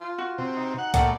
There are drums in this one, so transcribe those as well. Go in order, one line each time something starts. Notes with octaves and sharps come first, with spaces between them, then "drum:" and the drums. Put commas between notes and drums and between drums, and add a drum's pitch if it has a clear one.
F4
F#4
C3
D#4
F#5
A2 A#3 D5 F#5, drum: kick C2, hi-hat